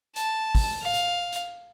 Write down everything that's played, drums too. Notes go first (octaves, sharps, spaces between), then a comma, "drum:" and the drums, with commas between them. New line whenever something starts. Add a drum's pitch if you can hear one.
A5, drum: hi-hat
drum: kick, open hi-hat
F5
drum: hi-hat
drum: hi-hat